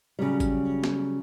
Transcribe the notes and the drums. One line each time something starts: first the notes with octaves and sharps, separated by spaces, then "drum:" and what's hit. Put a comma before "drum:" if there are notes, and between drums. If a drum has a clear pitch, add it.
C#3 F#3 G3
drum: kick G#1, tambourine
drum: snare